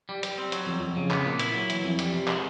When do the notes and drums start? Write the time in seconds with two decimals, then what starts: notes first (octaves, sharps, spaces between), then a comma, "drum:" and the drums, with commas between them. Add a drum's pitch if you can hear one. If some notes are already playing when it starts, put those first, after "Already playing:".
0.09 G3
0.23 G3, drum: hi-hat
0.38 C4
0.52 F#3, drum: hi-hat
0.67 F2
0.81 F2
0.97 C#3
1.11 B3, drum: clap
1.25 A#2
1.39 E4, drum: hi-hat
1.54 F#3
1.70 E3, drum: hi-hat
1.85 F2
1.99 G3, drum: hi-hat
2.14 C3
2.28 G#3, drum: clap